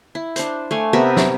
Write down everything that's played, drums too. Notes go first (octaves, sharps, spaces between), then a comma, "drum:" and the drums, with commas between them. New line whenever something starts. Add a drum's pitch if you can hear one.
E4
D4 C5, drum: hi-hat
A3 F5 G#5
C3 B3 A#4 E5
drum: snare